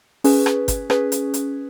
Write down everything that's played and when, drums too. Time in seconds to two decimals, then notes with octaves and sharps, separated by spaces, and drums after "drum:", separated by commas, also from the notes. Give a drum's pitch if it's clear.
0.24 C#4 G#4 B4, drum: open hi-hat
0.46 drum: rim click
0.68 drum: kick G1, hi-hat
0.90 C#4 G#4 B4, drum: rim click
1.12 drum: hi-hat
1.34 drum: hi-hat